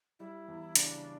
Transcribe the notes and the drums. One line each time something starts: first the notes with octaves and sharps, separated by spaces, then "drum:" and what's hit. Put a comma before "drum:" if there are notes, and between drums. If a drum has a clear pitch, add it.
G3 E4
E2
C#3 D4, drum: hi-hat